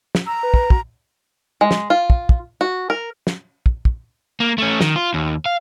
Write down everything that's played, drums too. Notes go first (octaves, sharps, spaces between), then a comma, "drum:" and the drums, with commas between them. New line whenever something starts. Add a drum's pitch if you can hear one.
drum: snare
A#5 E6
B4
drum: kick
F#4, drum: kick
G#3
drum: snare
F4
drum: kick
drum: kick
F#4
A#4
drum: snare
drum: kick
drum: kick
A#3
A3 C#4
D#3, drum: snare
F4
D#2
F5